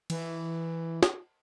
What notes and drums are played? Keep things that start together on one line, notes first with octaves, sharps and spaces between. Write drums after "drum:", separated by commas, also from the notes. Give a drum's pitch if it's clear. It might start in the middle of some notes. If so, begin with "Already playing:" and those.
E3, drum: cymbal
drum: snare